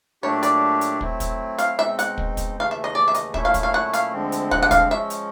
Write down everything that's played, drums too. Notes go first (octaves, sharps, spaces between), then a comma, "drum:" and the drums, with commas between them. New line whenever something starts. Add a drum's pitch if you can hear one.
A#2 F#3 A3 D4 G4 C#5
D5, drum: hi-hat
drum: hi-hat
F#3 A3 C4 E4, drum: kick
drum: kick, hi-hat
F5, drum: hi-hat
B2 G#3 C4 D#4 E5
F#5, drum: hi-hat
drum: kick
drum: kick, hi-hat
D#2 C#3 E3 A3 F5
E5
D#5
D5
E5
D#5, drum: hi-hat
A#2 F#3 A3 C#4 E4 E5, drum: kick
F5
drum: kick, hi-hat
F5
F#5
F5, drum: hi-hat
D2 D3 F3 G#3 C4
drum: hi-hat
F#5, drum: kick
F#5
F5, drum: kick, hi-hat
F3 G#3 C#4 E5
drum: hi-hat